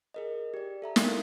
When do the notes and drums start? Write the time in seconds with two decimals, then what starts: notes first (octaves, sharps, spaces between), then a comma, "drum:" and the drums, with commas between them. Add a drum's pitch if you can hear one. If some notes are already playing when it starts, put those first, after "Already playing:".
0.14 G#4 A#4 D#5
0.54 G4 D5
0.82 A4 E5 A#5
0.96 D#4 E4 A#4 F5 G#5, drum: snare